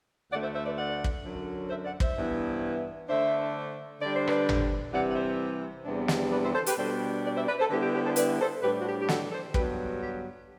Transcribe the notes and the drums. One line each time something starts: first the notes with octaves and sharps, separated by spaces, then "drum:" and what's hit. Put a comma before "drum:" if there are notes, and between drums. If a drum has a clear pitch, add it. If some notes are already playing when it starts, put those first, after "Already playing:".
D2 D3 A3 D5 F#5
C5 E5
C5 E5
B4 D5
D5 F#5
drum: kick
F#2 D3 F#3
C5 E5
D5 F#5
C5 E5, drum: kick
G2 E3 B3 E4
D3 A3 D4 C5 E5
D3 G3 D4 D5
C5
B4 D5, drum: rim click
drum: tom G#1
C3 E3 G3 D5 F#5
F#5
C5 E5
E2 C3 G3 B3 D4
drum: snare
B4 D5
C5 E5
A4 C5
G4 B4, drum: hi-hat
B2 G3 D4 A4 C5
B4 D5
C5 E5
B4 D5
A4 C5
D3 G3 B3 E4 G4 B4
G4
G4 B4
A4 C5
B4 D5, drum: hi-hat
A4 C5
A2 G3 D4 G4 B4
F#4
G4
G4
F#4 A4, drum: snare
A4 C5
G2 D3 F#3 B3 G4 B4, drum: kick
G4